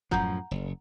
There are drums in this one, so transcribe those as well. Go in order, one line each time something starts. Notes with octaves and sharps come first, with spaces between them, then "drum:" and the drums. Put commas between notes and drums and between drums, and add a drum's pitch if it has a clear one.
F#2 A2 F3 F#5 A#5 G6, drum: kick
F#1